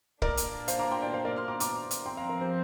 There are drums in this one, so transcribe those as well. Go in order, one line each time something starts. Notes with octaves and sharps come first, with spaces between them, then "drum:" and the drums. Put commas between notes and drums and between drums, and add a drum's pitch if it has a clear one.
A#2 A#3 D4 A#4 D5, drum: kick
drum: hi-hat
C5 F5, drum: hi-hat
A#5 D6
G5 C6
D5 G5
C5 F5
A#4 D5
C6 F6
A#5 D6
A#5 D6, drum: hi-hat
drum: hi-hat
F3 C4 G5 C6
F5 A#5
A#4
G4 C5